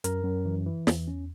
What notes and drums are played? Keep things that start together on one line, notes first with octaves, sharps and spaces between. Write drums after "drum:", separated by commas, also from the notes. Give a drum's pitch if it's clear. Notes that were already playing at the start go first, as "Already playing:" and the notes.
F#2 A#4, drum: hi-hat
F#2
E3
E3
E2, drum: snare
C#4